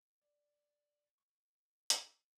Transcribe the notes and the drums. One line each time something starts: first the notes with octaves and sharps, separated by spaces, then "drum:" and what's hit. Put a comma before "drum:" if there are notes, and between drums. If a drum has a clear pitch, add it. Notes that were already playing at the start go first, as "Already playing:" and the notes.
D5
C#6
drum: hi-hat